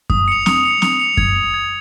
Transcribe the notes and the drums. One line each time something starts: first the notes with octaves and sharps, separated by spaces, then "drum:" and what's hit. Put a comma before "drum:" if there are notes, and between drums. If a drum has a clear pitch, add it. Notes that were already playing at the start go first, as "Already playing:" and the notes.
D#6, drum: kick F#2
C#7 F7
D#6, drum: snare C4
C#7 F7
D#6, drum: snare C4
C#7 F7
G#6, drum: kick F#2
F7
G#6